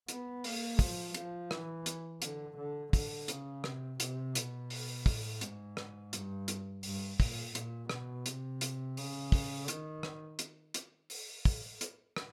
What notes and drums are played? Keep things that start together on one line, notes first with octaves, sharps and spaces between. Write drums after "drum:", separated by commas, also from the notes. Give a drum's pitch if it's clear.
B3, drum: hi-hat
A#3, drum: open hi-hat
F3, drum: kick, open hi-hat
F3, drum: hi-hat
E3, drum: rim click
drum: hi-hat
D3, drum: hi-hat
D3
D3, drum: kick, open hi-hat
C#3, drum: hi-hat
C3, drum: rim click
C3, drum: hi-hat
B2, drum: hi-hat
drum: open hi-hat
A2, drum: kick, open hi-hat
G#2, drum: hi-hat
drum: rim click
G2, drum: hi-hat
drum: hi-hat
G2, drum: open hi-hat
A#2, drum: kick, open hi-hat
A#2, drum: hi-hat
B2, drum: rim click
C3, drum: hi-hat
drum: hi-hat
C#3, drum: open hi-hat
drum: kick, open hi-hat
D#3, drum: hi-hat
drum: rim click
drum: hi-hat
drum: hi-hat
drum: open hi-hat
drum: kick, open hi-hat
drum: hi-hat
drum: rim click